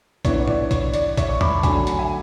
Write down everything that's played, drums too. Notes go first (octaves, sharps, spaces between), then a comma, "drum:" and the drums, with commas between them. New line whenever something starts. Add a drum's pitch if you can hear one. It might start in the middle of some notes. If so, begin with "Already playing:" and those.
E3 B3 D4 C#5 E5, drum: kick B1, hi-hat
C#5
D5, drum: tom G#2
C#5, drum: kick B1, hi-hat
D5, drum: hi-hat
C#5 E5, drum: kick B1, hi-hat
C#6
B5 D6, drum: tom E2
A5
D3 F#3 A3 D4 G#5 B5, drum: kick B1, hi-hat
drum: hi-hat
E5 G#5